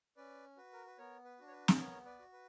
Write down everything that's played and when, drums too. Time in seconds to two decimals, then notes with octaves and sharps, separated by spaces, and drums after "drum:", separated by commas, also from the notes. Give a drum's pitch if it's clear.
0.17 C#4 B4 D5
0.57 F#4 B4
0.73 A#4
0.86 B4
0.98 B3 A#4 C#5
1.25 B4
1.39 D4 F#4
1.48 C#5
1.51 B4
1.68 drum: snare
1.78 B3 A#4 C#5
2.05 B4 D5
2.19 F#4
2.33 B4